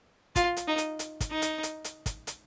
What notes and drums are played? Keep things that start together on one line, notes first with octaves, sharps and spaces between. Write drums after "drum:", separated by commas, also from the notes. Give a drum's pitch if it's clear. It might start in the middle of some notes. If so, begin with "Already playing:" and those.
F4, drum: kick, hi-hat
drum: hi-hat
D#4
drum: hi-hat
drum: hi-hat
drum: kick, hi-hat
D#4
drum: hi-hat
drum: hi-hat
drum: hi-hat
drum: kick, hi-hat
drum: hi-hat